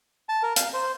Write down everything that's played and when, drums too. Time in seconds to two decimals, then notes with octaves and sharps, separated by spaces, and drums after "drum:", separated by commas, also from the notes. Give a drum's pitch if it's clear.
0.29 A5
0.43 A#4
0.56 F5, drum: hi-hat
0.74 C5